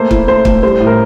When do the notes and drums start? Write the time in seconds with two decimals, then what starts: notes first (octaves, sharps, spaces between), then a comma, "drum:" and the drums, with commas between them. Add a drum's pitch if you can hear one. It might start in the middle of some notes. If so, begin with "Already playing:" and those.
Already playing: A3 A#3 C5
0.11 E4, drum: kick
0.27 A3 C5
0.45 A3, drum: kick
0.63 G3 C5
0.80 A2
0.87 A#4